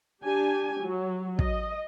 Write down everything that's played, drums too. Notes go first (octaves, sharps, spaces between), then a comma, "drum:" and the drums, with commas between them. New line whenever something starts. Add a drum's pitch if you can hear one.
D4 G4 G#5
F#3
D#5, drum: kick